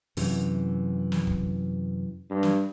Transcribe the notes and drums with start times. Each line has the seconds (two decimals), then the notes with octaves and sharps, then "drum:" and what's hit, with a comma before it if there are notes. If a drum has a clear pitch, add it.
0.17 F#2 C3 E3, drum: open hi-hat
1.12 drum: snare
1.27 drum: kick
2.30 G2
2.43 drum: snare